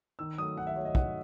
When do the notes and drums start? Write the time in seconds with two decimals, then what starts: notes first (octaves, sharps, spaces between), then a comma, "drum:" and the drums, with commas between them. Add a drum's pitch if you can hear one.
0.19 D#3 E6
0.38 F#3 A3 D#6
0.57 D#3 F#5
0.67 E5
0.76 F#3 A3 C#5
0.85 D#5
0.95 D#3 F#5, drum: kick